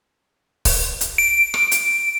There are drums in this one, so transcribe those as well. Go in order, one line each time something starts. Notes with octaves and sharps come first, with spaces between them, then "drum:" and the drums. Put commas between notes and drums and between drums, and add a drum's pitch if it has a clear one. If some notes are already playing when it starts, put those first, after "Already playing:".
drum: kick, open hi-hat
drum: hi-hat
D7
drum: rim click
drum: hi-hat